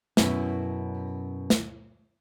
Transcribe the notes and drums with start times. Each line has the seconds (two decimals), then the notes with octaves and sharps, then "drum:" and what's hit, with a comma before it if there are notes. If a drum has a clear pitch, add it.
0.17 F#2 B2 C#4 E4, drum: snare
1.50 drum: snare